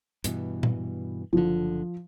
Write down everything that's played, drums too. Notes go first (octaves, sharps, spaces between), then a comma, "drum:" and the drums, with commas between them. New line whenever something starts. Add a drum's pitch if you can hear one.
G2 B2 E3, drum: hi-hat
drum: tom A#2
F#1 D3 F3